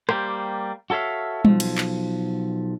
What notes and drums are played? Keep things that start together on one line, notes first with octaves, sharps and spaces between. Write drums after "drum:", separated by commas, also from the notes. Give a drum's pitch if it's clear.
G3 A#3 G4 C5, drum: rim click
F#4 A4 C#5 E5 F5
B1 F3, drum: tom G3
drum: cymbal
drum: clap